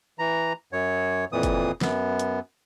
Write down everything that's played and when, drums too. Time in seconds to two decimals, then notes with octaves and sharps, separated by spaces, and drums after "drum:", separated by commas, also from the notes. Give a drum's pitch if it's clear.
0.19 E3 A#5
0.73 F#2 C#5
1.32 F2 A#2 E3 D#6
1.43 drum: kick, hi-hat
1.81 F#2 B3, drum: snare
2.19 drum: hi-hat